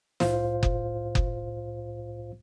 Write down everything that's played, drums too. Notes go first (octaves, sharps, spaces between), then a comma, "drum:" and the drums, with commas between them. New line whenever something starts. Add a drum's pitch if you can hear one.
C2 A2 F4 C5 F5, drum: snare
drum: kick F#1
drum: kick F#1